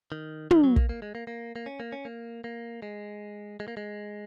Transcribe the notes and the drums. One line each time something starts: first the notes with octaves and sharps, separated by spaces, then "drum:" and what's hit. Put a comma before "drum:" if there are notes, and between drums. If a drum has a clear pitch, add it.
D#3
D#3, drum: tom
F#3
A#3, drum: kick
A#3
G#3
A#3
A#3
A#3
C#4
A#3
C#4
A#3
A#3
G#3
G#3
A#3
G#3